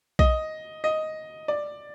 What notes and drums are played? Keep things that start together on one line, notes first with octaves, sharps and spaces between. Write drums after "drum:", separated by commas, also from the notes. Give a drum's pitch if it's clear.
D#5, drum: kick B1
D#5
D5